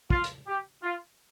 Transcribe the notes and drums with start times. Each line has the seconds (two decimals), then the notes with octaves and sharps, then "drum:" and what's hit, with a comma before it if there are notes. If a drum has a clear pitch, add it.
0.10 F4, drum: kick
0.24 drum: hi-hat
0.46 G4
0.83 F4